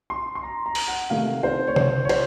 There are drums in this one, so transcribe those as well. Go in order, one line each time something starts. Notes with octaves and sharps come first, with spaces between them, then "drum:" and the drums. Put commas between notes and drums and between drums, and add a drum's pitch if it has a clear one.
C6
C6
A#5
A#5
drum: open hi-hat
F#5
C3 D#3 A3 F5
C5
C#5
C5, drum: tom C3
C#5
C5, drum: cymbal